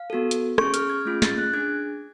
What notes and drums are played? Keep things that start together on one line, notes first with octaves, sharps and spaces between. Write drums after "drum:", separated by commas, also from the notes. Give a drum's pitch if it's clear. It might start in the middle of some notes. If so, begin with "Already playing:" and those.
Already playing: F5
B3 F#4 A4
drum: hi-hat
C#4 G#4 C#6, drum: rim click
F6, drum: hi-hat
G#6
A3 C#4 F4 G#4
A6, drum: snare
F#6
D4 G#4 G#6